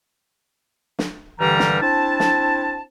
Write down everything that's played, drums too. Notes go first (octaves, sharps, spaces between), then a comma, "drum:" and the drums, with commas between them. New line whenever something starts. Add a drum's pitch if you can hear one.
drum: snare
G2 D3 E3 G3 A#4 A#5
drum: snare
C4 D4 E4 A5
drum: snare